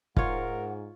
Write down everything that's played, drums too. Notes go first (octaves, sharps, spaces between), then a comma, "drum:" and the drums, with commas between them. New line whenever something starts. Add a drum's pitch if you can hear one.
G#2 F4 A#4 C#5 F#5, drum: kick